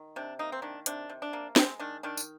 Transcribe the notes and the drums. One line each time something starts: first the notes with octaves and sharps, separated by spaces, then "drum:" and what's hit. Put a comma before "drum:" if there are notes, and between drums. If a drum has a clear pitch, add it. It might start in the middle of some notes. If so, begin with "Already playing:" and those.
Already playing: D#3
C3 D4
A#3 D#4
C4
D#3 D4
C3 D4, drum: hi-hat
C3
D4
A#3
G#3 C4, drum: snare
D#3 D4
D#3 D4
drum: tambourine